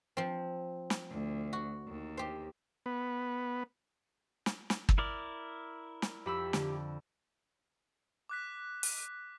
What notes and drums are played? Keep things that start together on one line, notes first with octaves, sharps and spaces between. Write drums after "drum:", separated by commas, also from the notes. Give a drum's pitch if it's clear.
F3 C4
drum: snare
D2
F#4
D#2
G4 C5
B3
drum: snare
drum: snare
drum: kick
E4 A#4 D5
drum: snare
F2 G4 B5 E6
D3, drum: snare
D6 F#6 B6
drum: open hi-hat